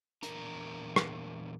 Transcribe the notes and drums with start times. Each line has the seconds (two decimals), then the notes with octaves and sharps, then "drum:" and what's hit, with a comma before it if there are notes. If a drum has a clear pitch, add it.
0.23 E2 G2 A#2 D4 A#4 A#5, drum: hi-hat
0.96 drum: rim click